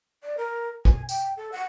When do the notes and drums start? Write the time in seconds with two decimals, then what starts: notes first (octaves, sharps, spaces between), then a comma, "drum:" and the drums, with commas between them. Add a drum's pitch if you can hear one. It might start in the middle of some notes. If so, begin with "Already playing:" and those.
0.23 D5
0.37 A#4
0.85 G#5, drum: kick
1.09 G5, drum: tambourine
1.37 A4
1.52 F#5